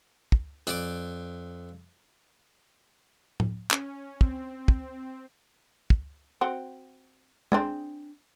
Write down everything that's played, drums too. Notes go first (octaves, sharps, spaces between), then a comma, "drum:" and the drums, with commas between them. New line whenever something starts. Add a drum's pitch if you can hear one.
drum: kick
F2 D5 D6, drum: hi-hat
drum: tom A2
C#4, drum: clap
C4, drum: kick
drum: kick
drum: kick
C4 F#4
C4 D4 G#4, drum: tom